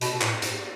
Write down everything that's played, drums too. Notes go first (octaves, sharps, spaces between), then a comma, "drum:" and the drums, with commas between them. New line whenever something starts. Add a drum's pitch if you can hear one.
B2, drum: hi-hat
B2
A2, drum: clap
G#2, drum: hi-hat